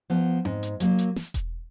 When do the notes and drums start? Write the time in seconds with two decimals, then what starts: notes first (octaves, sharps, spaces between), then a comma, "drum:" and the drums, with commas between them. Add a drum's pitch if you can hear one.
0.10 F3 B3
0.45 G#2, drum: tom C4
0.63 drum: hi-hat
0.80 F#3 A#3, drum: hi-hat
0.98 drum: hi-hat
1.16 drum: snare
1.34 drum: kick E1, hi-hat